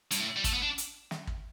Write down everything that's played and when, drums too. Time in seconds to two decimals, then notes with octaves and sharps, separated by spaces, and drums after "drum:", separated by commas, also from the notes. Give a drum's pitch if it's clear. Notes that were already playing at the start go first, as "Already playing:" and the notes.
0.11 G2, drum: hi-hat
0.20 A2
0.36 G3
0.44 A3, drum: kick, hi-hat
0.54 B3
0.62 D4
0.78 drum: hi-hat
1.11 drum: snare
1.27 drum: kick